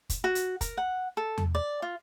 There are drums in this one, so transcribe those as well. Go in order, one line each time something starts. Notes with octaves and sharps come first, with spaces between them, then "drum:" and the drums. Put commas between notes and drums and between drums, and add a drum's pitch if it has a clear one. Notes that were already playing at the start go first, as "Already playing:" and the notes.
drum: kick, hi-hat
F#4
drum: hi-hat
A#4, drum: kick, hi-hat
F#5
A4
drum: tom E2
D5
F4